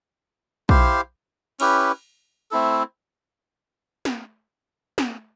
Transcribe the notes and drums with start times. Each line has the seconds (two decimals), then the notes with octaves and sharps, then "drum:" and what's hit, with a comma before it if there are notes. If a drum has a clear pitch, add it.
0.69 E4 G4 C5 F5, drum: kick B1
1.60 C#4 E4 G4 B4, drum: cymbal
2.51 A3 C4 E4 A4
4.05 drum: snare
4.98 drum: snare